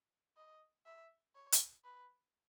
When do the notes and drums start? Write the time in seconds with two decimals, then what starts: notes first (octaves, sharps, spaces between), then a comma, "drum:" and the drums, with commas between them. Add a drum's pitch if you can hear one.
0.37 D#5
0.85 E5
1.35 C#5
1.52 drum: hi-hat
1.84 B4